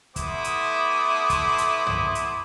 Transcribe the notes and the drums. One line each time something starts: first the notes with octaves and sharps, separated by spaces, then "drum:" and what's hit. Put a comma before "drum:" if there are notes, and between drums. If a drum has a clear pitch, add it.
A3 B3 E4 C6 D6 D#6, drum: kick, hi-hat
drum: hi-hat
drum: kick, hi-hat
drum: hi-hat
drum: tom
drum: hi-hat